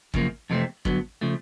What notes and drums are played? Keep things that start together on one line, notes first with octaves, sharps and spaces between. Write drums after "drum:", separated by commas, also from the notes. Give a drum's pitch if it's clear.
F#2 C#3 F3 A#3, drum: kick
F2 C3 E3 A3 C4
G2 D3 F#3 B3, drum: kick
C#3 F3 A3